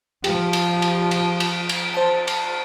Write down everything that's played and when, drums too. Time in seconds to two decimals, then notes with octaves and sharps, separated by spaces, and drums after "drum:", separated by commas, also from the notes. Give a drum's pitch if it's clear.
0.24 F3 G4, drum: cymbal
0.53 drum: cymbal
0.82 drum: cymbal
1.11 drum: cymbal
1.40 drum: cymbal
1.69 drum: cymbal
1.94 C5 A5
2.27 drum: cymbal